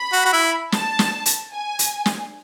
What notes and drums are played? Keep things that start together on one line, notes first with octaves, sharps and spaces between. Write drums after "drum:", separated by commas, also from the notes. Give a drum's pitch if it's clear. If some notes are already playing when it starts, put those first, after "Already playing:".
Already playing: B5
F#4
F#4
E4
A5, drum: snare
drum: snare
drum: hi-hat
G#5
drum: hi-hat
drum: snare